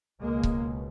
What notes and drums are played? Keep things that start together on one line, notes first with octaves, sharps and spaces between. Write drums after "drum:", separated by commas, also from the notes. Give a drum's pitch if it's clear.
C#2 B2 G#3 A#3
drum: kick C#1